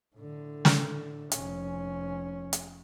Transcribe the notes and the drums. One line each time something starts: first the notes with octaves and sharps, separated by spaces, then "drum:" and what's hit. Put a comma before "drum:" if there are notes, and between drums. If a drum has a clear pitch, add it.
A2 D3
drum: snare
F1 C#4, drum: hi-hat
drum: hi-hat